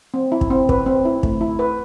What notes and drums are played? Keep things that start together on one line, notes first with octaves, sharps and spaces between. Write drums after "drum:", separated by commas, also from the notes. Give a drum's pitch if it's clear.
C4
E4
drum: kick
C4
B4, drum: kick
C4
E4
A3, drum: kick
E4
B4